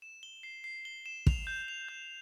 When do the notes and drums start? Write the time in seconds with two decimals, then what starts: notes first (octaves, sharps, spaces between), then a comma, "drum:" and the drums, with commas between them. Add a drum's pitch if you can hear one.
0.02 E7
0.23 G7
0.43 C7
0.64 C7
0.85 G7
1.06 E7
1.27 F7, drum: kick
1.47 G6
1.68 F7
1.89 G6